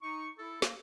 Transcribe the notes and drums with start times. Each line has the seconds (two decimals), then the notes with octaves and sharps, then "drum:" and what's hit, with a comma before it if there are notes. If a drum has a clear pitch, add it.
0.02 D#4 C#6
0.38 E4 A4
0.62 A#3, drum: snare